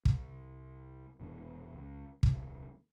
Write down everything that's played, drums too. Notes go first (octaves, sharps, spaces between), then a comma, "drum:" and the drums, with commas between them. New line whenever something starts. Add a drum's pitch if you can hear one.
C2, drum: kick
F1 B2 E3 D4
C#2
D#1 C2, drum: kick